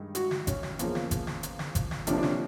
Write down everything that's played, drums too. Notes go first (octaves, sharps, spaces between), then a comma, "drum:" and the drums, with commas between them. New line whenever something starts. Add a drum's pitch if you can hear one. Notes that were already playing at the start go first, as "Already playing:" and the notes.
Already playing: G2 D#3 G#3
F#4, drum: hi-hat
drum: snare
C#4, drum: kick G#1, hi-hat
drum: snare
E2 C#3 F3 A#3 C#4, drum: hi-hat
drum: snare
drum: kick G#1, hi-hat
drum: snare
drum: hi-hat
drum: snare
drum: kick G#1, hi-hat
drum: snare
C3 F3 A#3 C#4 D4, drum: hi-hat
D4
C#4, drum: snare